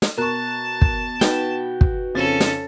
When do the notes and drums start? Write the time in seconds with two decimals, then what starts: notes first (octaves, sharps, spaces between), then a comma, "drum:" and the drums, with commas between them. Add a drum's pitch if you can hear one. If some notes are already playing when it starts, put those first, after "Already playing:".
0.02 drum: snare
0.18 B2 A#4 A5 A#5 C#6 F#6
0.81 drum: kick
1.21 D#4 F#4 B4 G5, drum: snare
1.81 drum: kick
2.15 F2 C#3 C#4 A4 A6
2.40 drum: snare